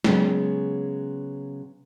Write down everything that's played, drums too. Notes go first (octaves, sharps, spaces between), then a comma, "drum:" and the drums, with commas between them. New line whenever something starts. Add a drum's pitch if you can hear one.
C#3 F#3 G#3 B3 C#4, drum: snare